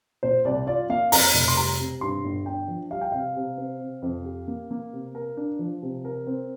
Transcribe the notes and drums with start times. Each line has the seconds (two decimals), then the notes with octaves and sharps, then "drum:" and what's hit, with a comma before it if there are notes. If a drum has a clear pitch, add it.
0.23 A#2 C5
0.45 C2 D5
0.67 F4 D5
0.89 A#3 F5
1.12 F2 A#5, drum: open hi-hat
1.34 F1
1.48 C6
1.57 G3 A#5
1.80 C3
2.01 G2 C6
2.24 G1
2.46 D4 G5
2.68 F3
2.91 G3 F5
3.01 G5
3.12 C3 F5
3.36 C3
3.58 C4
3.81 C3
4.02 F2
4.25 G4
4.48 A#3
4.71 A#3
4.93 C3
5.15 A#4
5.37 D4
5.59 F3
5.82 C3
6.05 A#4
6.27 C4